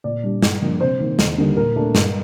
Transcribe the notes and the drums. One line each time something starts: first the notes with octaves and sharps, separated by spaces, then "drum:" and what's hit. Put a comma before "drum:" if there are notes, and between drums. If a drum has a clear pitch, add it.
A#2 D5
G3 D4
G2, drum: snare
F3 A#3 D4
C3 C5
D#3 A#3 D#4
D#2, drum: snare
D3 G3 A#3 D#4
A#2 A#4
A3 D4
G2, drum: snare